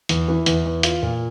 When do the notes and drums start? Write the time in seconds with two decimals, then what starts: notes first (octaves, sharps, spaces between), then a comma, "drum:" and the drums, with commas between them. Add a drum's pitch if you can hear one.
0.09 E2, drum: hi-hat
0.28 E3
0.46 E2, drum: hi-hat
0.66 E2
0.83 F4, drum: hi-hat
1.03 A#2